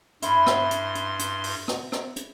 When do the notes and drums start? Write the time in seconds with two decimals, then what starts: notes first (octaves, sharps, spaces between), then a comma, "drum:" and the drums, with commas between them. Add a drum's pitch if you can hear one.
0.22 G2 E4 B5 C6, drum: hi-hat
0.47 drum: rim click
0.71 drum: hi-hat
0.95 drum: hi-hat
1.19 drum: hi-hat
1.44 drum: open hi-hat
1.68 drum: rim click
1.92 drum: rim click
2.16 drum: hi-hat